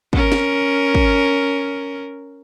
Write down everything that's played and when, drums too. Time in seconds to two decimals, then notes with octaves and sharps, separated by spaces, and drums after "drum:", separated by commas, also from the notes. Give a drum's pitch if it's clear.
0.13 C#4 A#4, drum: kick
0.32 drum: snare
0.95 drum: kick